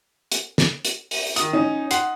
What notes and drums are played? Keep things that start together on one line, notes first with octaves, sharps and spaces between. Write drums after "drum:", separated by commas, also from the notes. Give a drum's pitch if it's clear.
drum: hi-hat
drum: snare
drum: hi-hat
drum: open hi-hat
D#3 D#6, drum: hi-hat
C#4 D#4
F#5 C6 C7, drum: hi-hat